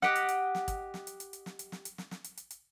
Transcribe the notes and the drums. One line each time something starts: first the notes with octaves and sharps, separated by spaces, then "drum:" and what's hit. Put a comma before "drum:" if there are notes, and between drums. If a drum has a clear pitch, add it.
G4 D#5 F#5, drum: snare
drum: hi-hat
drum: hi-hat
drum: snare
drum: kick, hi-hat
drum: snare
drum: hi-hat
drum: hi-hat
drum: hi-hat
drum: snare
drum: hi-hat
drum: snare
drum: hi-hat
drum: snare
drum: snare
drum: hi-hat
drum: hi-hat
drum: hi-hat